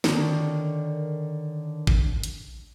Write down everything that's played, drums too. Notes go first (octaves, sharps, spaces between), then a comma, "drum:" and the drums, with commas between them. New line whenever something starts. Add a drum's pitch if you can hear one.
D3 D#3 D4 A#4 C#5, drum: snare
drum: kick
drum: hi-hat